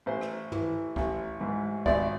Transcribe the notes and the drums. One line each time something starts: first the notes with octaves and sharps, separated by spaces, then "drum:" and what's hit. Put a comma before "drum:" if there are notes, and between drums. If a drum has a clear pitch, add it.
A1 C5
drum: rim click
E3, drum: tom
A1, drum: kick
G#2
G#1 D5, drum: kick